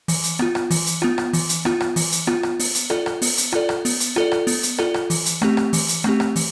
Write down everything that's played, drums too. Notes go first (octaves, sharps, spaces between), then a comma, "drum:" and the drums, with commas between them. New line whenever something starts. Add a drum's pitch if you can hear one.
E3, drum: open hi-hat
drum: hi-hat
B3 F4, drum: rim click
drum: rim click
E3, drum: open hi-hat
drum: hi-hat
B3 F4, drum: rim click
drum: rim click
E3, drum: open hi-hat
drum: hi-hat
B3 F4, drum: rim click
drum: rim click
E3, drum: open hi-hat
drum: hi-hat
B3 F4, drum: rim click
drum: rim click
B3, drum: open hi-hat
drum: hi-hat
F4 A4 D5, drum: rim click
drum: rim click
B3, drum: open hi-hat
drum: hi-hat
F4 A4 D5, drum: rim click
drum: rim click
B3, drum: open hi-hat
drum: hi-hat
F4 A4 D5, drum: rim click
drum: rim click
B3, drum: open hi-hat
drum: hi-hat
F4 A4 D5, drum: rim click
drum: rim click
E3, drum: open hi-hat
drum: hi-hat
A3 C4 G4, drum: rim click
drum: rim click
E3, drum: open hi-hat
drum: hi-hat
A3 C4 G4, drum: rim click
drum: rim click
E3, drum: open hi-hat